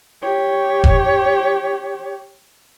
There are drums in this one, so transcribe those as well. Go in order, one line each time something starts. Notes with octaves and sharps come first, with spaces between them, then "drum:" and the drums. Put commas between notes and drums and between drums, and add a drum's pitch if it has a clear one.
G4 C#5
drum: kick E1